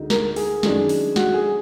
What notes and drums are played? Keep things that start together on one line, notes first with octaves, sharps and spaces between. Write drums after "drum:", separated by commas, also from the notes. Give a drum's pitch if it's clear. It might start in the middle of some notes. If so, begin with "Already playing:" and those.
Already playing: D2 D3 G#3 D#4
A#4, drum: snare
G#4, drum: open hi-hat
F#2 D#3 G#3 D4, drum: snare
drum: open hi-hat
F#4, drum: snare
G#4